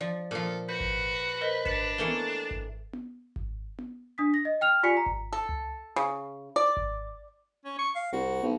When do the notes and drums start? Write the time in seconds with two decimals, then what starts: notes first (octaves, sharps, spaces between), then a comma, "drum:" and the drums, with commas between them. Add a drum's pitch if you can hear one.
0.01 F3 D5
0.31 A#2 F3 A4
0.69 F#4 B4 G6
0.80 drum: kick G#1
1.41 A#4 C5 D#5
1.66 D4 B6 C#7 E7, drum: kick G#1
1.98 E3 A3 A#3 C#7 G7
2.08 drum: tom B3
2.51 drum: kick G#1
2.93 drum: tom B3
3.36 drum: kick G#1
3.79 drum: tom B3
4.18 D4 D#6 B6
4.34 A#6
4.45 D#5
4.61 G5 F6 F7
4.83 F4 G4 D5 G#5 B6 C#7
4.97 A#5
5.06 drum: kick G#1
5.33 A4
5.49 drum: tom C#2
5.96 C#3
6.56 D5
6.77 drum: kick G#1
7.65 C#4
7.79 C#6
7.95 F5
8.13 C2 F#4
8.43 B1